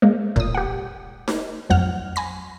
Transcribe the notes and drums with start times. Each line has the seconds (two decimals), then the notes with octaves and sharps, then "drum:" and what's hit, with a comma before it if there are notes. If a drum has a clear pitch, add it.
0.02 G#3 A#3
0.36 A#2 D#6, drum: kick
0.54 G4 F#5
1.28 drum: snare D#4
1.70 A1 F2 F#3 F#5 F6
2.16 G#5 B5 A#6